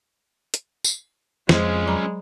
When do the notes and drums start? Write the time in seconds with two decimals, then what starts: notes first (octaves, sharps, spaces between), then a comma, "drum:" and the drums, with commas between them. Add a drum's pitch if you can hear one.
0.54 drum: hi-hat
0.84 drum: tambourine
1.49 F2 G#3 C#4 F4 C5, drum: snare
1.86 F#3 A#5 B5